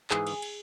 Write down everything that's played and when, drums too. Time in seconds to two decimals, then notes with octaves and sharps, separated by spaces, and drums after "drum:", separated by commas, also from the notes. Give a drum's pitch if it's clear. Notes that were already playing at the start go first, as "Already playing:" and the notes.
0.10 G#2 E3 G#4, drum: clap
0.27 drum: cymbal
0.42 drum: cymbal